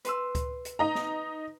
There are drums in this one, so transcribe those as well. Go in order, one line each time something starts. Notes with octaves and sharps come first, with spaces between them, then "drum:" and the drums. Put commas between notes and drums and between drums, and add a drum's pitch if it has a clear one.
B4 C6 E6, drum: hi-hat
drum: kick C#2, hi-hat
drum: hi-hat
D#4 D#5 A#5
drum: snare